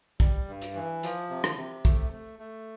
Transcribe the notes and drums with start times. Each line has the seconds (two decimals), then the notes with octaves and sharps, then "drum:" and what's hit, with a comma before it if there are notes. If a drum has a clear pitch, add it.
0.20 G3, drum: kick, hi-hat
0.48 G2
0.62 drum: hi-hat
0.75 E3
1.03 F3, drum: hi-hat
1.30 C3
1.44 drum: rim click
1.57 C3
1.85 A3, drum: kick, hi-hat
2.12 A3
2.39 A3